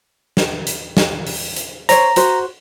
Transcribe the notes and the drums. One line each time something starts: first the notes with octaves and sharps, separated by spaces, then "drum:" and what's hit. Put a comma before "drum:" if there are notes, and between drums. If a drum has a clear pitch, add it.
drum: snare
drum: hi-hat
drum: snare
drum: open hi-hat
drum: hi-hat
C5 C#5 A#5, drum: hi-hat
F#4 C5, drum: hi-hat